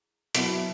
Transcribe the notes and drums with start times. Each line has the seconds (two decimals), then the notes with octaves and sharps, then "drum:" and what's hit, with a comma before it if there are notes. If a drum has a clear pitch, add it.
0.35 B2 F#3 B3 E4, drum: hi-hat